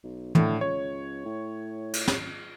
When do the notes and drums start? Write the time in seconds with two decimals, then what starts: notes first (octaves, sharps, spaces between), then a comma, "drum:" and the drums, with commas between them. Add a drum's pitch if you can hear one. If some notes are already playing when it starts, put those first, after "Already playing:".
0.03 B1
0.35 A2 D3, drum: tom
0.61 C#2 C#5
1.25 A2
1.93 drum: cymbal
2.08 drum: snare